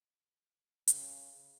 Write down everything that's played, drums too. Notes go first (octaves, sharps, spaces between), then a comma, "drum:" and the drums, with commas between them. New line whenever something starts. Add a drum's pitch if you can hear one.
C#3, drum: hi-hat